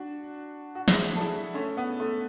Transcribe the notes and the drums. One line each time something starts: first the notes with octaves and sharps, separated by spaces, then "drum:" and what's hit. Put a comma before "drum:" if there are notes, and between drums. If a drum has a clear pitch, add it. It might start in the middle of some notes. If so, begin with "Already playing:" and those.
Already playing: D4 F#4
F#4
E4 G#4, drum: snare
A4
E4 G#4
A3 C#4
B3
A3